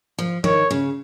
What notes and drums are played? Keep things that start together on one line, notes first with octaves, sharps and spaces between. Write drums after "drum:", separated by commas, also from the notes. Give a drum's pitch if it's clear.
F3
D#3 C#5, drum: tom F3
C#3